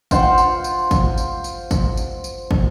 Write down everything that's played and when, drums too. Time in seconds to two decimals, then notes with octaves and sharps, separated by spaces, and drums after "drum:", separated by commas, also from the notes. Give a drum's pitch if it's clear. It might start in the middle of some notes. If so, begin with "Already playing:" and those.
0.11 F4 C5 F5 F#5, drum: kick, tambourine
0.38 drum: tambourine
0.64 drum: tambourine
0.91 drum: kick, tambourine
1.18 drum: tambourine
1.44 drum: tambourine
1.71 drum: kick, tambourine
1.97 drum: tambourine
2.24 drum: tambourine
2.51 drum: kick